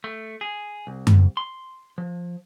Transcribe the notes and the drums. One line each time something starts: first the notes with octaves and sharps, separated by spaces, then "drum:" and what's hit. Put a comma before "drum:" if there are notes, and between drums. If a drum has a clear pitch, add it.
A3
G#4
C2
drum: tom F#2
C6
F3